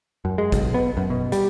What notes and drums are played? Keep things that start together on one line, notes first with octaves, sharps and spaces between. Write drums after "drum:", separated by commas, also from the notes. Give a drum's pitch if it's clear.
F#2
G#3
B1, drum: kick G#1, hi-hat
B3
F#2
B2
G3, drum: hi-hat